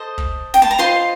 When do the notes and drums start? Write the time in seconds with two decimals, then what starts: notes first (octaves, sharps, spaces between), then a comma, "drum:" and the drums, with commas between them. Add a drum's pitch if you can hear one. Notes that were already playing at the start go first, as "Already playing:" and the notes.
Already playing: A4 C5 D#5 D#6
0.18 drum: kick
0.54 G5, drum: snare
0.62 A5
0.71 A#5
0.79 F4 C5 D#5 C6